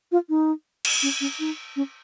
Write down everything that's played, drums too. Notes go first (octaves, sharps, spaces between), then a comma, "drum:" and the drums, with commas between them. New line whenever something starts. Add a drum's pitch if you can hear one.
F4
D#4
drum: cymbal
C#4
C#4
D#4
C#4